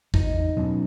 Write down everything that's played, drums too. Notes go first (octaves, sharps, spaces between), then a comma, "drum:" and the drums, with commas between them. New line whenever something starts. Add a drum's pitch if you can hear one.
E2 D#4, drum: kick
B2 F#3 C#4